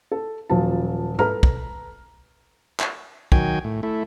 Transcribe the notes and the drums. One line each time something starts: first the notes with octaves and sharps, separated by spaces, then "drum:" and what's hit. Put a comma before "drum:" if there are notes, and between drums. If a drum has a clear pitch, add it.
A4
D#1 F3 F#3 A5
A4 B4 A#5 F6, drum: tom G#2
drum: kick
drum: clap
D#3 F#3 G5 G#5, drum: kick
A2
A3 E4